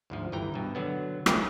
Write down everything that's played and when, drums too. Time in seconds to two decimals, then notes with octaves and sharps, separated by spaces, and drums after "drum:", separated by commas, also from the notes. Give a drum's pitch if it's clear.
0.10 D2 G#2 F3
0.32 G1 E3 G5 A#5
0.54 G2 B2
0.75 D3 F#3 B3
1.26 A3 C#4 D#4 F4 G4 G#4, drum: rim click